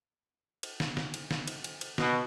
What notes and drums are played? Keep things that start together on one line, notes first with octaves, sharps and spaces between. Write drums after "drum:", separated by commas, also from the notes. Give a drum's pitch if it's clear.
drum: cymbal
drum: snare
drum: snare
drum: cymbal
drum: snare
drum: cymbal
drum: cymbal
drum: cymbal
B2, drum: snare